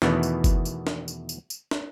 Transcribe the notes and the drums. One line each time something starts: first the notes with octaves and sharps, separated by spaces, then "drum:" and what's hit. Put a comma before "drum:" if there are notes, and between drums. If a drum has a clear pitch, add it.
E2 B2 D#3 E3 A3 B3, drum: snare
drum: tambourine
drum: kick F#1, tambourine
drum: tambourine
drum: snare
drum: tambourine
drum: tambourine
drum: tambourine
drum: snare